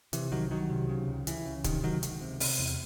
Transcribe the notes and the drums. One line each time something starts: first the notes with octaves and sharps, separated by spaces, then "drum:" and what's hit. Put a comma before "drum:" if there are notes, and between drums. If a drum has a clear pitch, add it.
C3 E3, drum: hi-hat
C2 D#3 F#3
C2 D#3 F#3
C3
C#3
C#2
C#2 E3, drum: hi-hat
C#3
C3 D#3, drum: kick, hi-hat
C#2 D#3 F#3
C#2, drum: hi-hat
C3
C3, drum: open hi-hat
E2